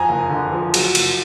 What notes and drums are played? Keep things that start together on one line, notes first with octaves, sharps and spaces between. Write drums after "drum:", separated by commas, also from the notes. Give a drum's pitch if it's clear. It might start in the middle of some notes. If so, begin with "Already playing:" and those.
Already playing: F2 G#5 A#5
F#1
D3
F3
F#3, drum: cymbal
F#1, drum: cymbal